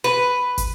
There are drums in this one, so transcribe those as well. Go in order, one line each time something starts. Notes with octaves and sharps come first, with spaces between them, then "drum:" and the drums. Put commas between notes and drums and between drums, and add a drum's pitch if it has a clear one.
B4
drum: kick, hi-hat